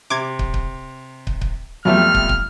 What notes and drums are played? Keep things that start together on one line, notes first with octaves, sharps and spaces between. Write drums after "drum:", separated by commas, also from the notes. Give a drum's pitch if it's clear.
C3 D6 G#6
drum: kick
drum: kick
drum: kick
drum: kick
F2 F#3 G3 A3 B3 F4 E5 F6
drum: kick
drum: kick